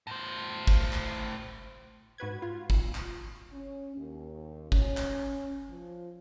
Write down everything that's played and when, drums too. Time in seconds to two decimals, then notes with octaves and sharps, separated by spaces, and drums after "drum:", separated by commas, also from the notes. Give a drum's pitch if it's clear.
0.07 A2 C5
0.67 drum: kick
0.93 drum: clap
2.18 G#2 F#4 B4 G#6
2.42 F4
2.70 drum: kick
2.95 drum: clap
3.53 C#4
3.96 D#2
4.72 C#4, drum: kick
4.97 drum: clap
5.70 F3